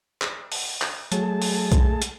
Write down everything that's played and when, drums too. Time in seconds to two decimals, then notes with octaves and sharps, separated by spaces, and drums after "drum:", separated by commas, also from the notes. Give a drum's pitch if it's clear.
0.22 drum: clap
0.52 drum: open hi-hat
0.82 drum: clap
1.12 F#3 A3 G#4 A5, drum: hi-hat
1.42 drum: open hi-hat
1.72 drum: kick B1, hi-hat
2.02 drum: hi-hat